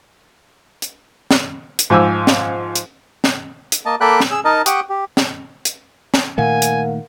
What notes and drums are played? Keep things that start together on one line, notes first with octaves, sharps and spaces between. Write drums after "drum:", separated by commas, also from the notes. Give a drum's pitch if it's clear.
drum: hi-hat
drum: snare
drum: hi-hat
G#2 F3 G#5 D6 E6
drum: snare
drum: hi-hat
drum: snare
drum: hi-hat
A#3 D#5 A5
A#3 A4 D5 G5 B5 F#6
drum: snare
G#4 E6
D#4 A#4 D#5 A5
G4 F#5 G5 C#6 D#6, drum: hi-hat
G4
drum: snare
drum: hi-hat
drum: snare
A#2 D#3 A3 A#4 F5 F#5 G#5
drum: hi-hat